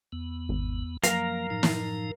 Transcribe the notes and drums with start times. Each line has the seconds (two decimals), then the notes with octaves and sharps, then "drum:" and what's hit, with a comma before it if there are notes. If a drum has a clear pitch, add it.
0.12 E2 B3
0.49 G#1
1.04 F#2 F3 A#3 A#4 F5 A#5, drum: hi-hat
1.50 A2 F3 D#4
1.63 drum: snare